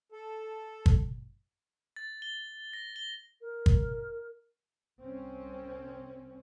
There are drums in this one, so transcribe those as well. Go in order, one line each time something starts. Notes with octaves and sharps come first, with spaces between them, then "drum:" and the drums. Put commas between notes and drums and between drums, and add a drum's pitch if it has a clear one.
A4
drum: kick G1
A6
G7
A#6
G7
A#4
drum: kick G1
C2 C4 C#4